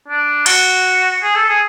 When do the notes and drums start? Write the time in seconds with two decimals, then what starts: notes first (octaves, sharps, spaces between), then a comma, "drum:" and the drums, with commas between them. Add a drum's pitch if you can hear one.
0.08 D4
0.46 F#4, drum: cymbal
1.23 G#4
1.36 A4
1.48 G#4